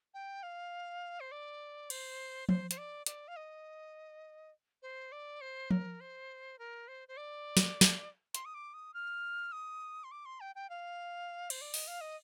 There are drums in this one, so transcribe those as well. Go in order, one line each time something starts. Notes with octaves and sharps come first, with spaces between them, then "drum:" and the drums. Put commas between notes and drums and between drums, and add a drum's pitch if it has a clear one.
G5
F5
C5
D5
C5, drum: cymbal
C5, drum: tom F3
C5, drum: hi-hat
D5
D5, drum: hi-hat
F5
D#5
C5
D5
C5
A#4, drum: tom F3
C5
A#4
C5
C5
D5
drum: snare
drum: snare
C6, drum: hi-hat
D#6
D6
D#6
F6
D#6
C6
D6
C6
G5
G5
F5
C5, drum: cymbal
D5
D#5, drum: open hi-hat
F5
D#5